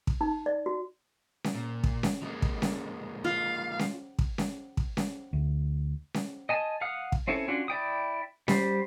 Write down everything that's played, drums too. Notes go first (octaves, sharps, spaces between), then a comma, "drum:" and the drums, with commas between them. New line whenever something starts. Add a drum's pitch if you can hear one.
drum: kick
D#4
D5
F#4
drum: snare C#4
A#2
drum: kick
drum: snare C#4
F3 G#3 A#3
drum: kick
drum: snare C#4
F4 F5
drum: snare C#4
drum: kick
drum: snare C#4
drum: kick
drum: snare C#4
D2
drum: snare C#4
D#5 G#5 A5
F5 F#5 D#6 F6
drum: kick
C4 C#4 E4 A4 C#5
C#4 D4 F4 F#4
E4 D5 G5 D#6
G3 C5, drum: snare C#4